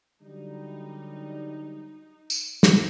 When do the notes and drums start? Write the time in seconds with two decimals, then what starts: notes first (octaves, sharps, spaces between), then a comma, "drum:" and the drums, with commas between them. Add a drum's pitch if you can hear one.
0.22 D3 F#3 G3 D#4
2.30 drum: tambourine
2.63 drum: snare